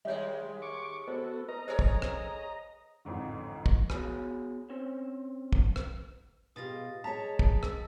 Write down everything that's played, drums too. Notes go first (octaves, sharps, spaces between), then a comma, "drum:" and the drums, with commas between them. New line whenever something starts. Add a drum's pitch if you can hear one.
D#2 G3 G#3 C#5 E5
C#6 D6
B3 F#4 A4 C5
B4 D#5 A#5
G#4 A4 C5 C#5
drum: kick
drum: rim click
A1 F2 G#2 D3
drum: kick
B3 F#4 G#4 C#5 G#5 B5, drum: rim click
C4 C#4 C5 C#5
drum: kick
drum: rim click
B2 F4 G4 G#4 D#6 A6 A#6
G#3 G#4 C#5 A5 A#5 B6
drum: kick
drum: rim click